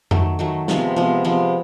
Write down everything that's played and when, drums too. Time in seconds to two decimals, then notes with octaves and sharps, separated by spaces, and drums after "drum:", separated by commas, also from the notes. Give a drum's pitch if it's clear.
0.11 D#3 F#3 A3, drum: tom F2
0.39 D#3 F#3 A3
0.68 C3 F3 G#3 B3, drum: snare
0.96 C3 F3 G#3 B3
1.25 C3 F3 G#3 B3